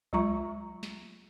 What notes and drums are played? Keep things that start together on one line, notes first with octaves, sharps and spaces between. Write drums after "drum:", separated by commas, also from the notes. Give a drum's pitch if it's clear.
F#3 G#3 F4 E5 A#5 C#6, drum: kick C2
drum: snare